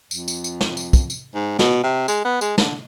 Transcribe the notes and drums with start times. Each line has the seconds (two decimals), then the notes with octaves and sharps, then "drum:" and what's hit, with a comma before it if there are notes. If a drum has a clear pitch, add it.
0.11 F2, drum: tambourine
0.28 drum: tambourine
0.44 drum: tambourine
0.61 drum: snare
0.77 drum: tambourine
0.93 drum: kick, tambourine
1.10 drum: tambourine
1.34 G#2
1.59 B2, drum: snare
1.84 C3
2.08 G#3, drum: tambourine
2.25 B3
2.41 G#3, drum: tambourine
2.58 D3, drum: snare